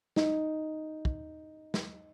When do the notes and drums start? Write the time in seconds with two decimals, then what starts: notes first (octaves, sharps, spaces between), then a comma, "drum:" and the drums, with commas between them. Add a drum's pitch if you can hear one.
0.16 D#4, drum: snare
1.05 drum: kick
1.74 drum: snare